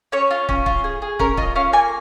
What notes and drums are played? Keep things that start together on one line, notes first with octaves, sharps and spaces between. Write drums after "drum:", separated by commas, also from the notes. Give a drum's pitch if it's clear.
C#4 C#5
F4
C#4, drum: kick
F4, drum: kick
G#4
G#4
C#4 A#4, drum: kick
F4 D#5, drum: kick
C#4 F5
A#3 G#5